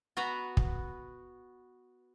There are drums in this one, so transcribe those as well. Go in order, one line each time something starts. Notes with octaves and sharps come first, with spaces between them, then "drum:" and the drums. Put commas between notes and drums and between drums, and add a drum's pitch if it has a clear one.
B3 F#4 B4 A#5
drum: kick